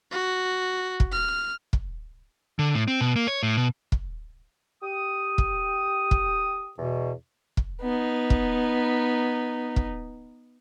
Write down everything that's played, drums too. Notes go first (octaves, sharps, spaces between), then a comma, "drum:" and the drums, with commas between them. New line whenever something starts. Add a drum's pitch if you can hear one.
F#4
drum: kick
F6
drum: kick
D3
A2
C4
B2
A#3
C#5
A2
B2
drum: kick
G4 D#6
drum: kick
drum: kick
E2 B2
drum: kick
B3 D#4
drum: kick
drum: kick